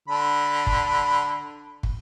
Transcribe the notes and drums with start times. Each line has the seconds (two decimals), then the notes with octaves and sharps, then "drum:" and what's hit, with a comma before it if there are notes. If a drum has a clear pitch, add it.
0.08 D3 B5
0.67 drum: kick
1.83 drum: kick